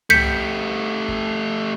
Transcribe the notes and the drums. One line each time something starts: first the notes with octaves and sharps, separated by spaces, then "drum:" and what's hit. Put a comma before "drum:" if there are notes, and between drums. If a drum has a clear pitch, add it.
A3 G4 G6 B6 C#7, drum: tom
drum: kick